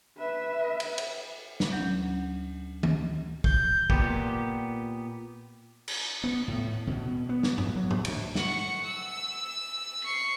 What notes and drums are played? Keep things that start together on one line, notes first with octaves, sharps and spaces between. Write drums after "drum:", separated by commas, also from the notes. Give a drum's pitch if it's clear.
B4 E5
drum: cymbal
drum: cymbal
drum: snare
D2 F#3 C#4 G6
drum: tom
G6, drum: kick
A#2 B3 G4, drum: kick
drum: cymbal
B3
A2
B2
B3
drum: snare
drum: tom G2
F#3
drum: tom
D2, drum: cymbal
F#5 C#6, drum: snare
E6
C#6 C7